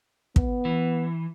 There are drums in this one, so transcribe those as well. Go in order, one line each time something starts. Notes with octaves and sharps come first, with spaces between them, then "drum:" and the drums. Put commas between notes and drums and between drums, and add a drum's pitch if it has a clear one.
B3, drum: kick
E3